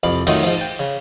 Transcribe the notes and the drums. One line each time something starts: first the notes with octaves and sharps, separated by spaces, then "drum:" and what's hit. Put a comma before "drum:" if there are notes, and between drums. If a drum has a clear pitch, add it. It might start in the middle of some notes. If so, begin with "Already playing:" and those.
C2 F2 F5 B5 D6
D#3 F#3 A3 D#4 F4, drum: cymbal
G#2 F3, drum: tambourine
G5 A5
C#3